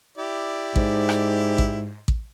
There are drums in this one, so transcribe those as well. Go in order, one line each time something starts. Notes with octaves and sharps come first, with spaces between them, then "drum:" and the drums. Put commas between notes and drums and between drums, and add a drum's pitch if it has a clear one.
E4 G4 D5
G#2, drum: kick A1
drum: rim click
drum: kick A1
drum: kick A1